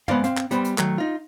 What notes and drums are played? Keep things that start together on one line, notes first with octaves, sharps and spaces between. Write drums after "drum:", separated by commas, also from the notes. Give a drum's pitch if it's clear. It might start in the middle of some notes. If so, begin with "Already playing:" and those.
G#3 B3 C5 D5 F5, drum: tom
C4 F5, drum: hi-hat
drum: clap
G3 B3 C5, drum: hi-hat
drum: hi-hat
D#3 F#3 A3, drum: clap
D#4 F4